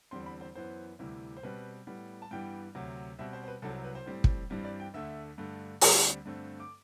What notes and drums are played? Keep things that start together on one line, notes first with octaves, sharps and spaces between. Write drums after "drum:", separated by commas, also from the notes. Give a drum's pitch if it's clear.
E2 D3 G3 C4 C6
B5
C5
F#2 E3 B3 C5
D2 C3 E3 G3
C5
B2 G3 C4 B4
A2 G3 B3
A5
G2 E3 G3 B3 G5
D2 C3 F#3
B2 G3 C4 E5
C5
C5
B4
C2 C3 F#3 C4 A4
B4
C5
A2 G3 C4
drum: kick
G2 E3 G3 C4
D5
G5
D2 D3 A3 E5
G2 D3 A3
D2 D3 G3 C4 D5, drum: open hi-hat
G2 D3 A3 C4
D6